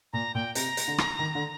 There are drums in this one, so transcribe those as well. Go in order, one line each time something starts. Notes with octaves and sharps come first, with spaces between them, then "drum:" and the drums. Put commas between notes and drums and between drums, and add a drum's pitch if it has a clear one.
A#2 A#5
A#2 G5
C3 A#5, drum: hi-hat
drum: hi-hat
D3
drum: rim click
D#3
D3